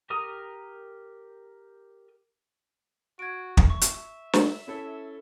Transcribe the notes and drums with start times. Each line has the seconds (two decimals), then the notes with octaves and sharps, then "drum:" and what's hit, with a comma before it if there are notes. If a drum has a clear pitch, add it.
0.10 G4 A#4 A#5 D#6
3.19 F#4 G#6 D7
3.57 drum: kick
3.70 E5 C#6
3.81 drum: hi-hat
4.33 drum: snare
4.67 C#4 E4 A4